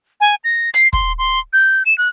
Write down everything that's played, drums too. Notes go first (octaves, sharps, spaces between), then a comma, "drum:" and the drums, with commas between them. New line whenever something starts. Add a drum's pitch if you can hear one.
G#5
A#6
C7, drum: hi-hat
C6, drum: kick
C6
G6
E7
F#6